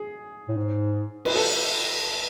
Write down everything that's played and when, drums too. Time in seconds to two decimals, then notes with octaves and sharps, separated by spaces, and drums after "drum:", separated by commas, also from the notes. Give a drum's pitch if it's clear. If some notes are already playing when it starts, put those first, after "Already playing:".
Already playing: G#4
0.48 A2
0.57 G#2
1.25 B4, drum: cymbal
1.36 A4